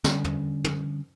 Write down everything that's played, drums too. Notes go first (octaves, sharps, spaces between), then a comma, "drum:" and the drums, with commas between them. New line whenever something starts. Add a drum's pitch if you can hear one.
D3 G3 C#4, drum: snare
drum: tom
drum: tom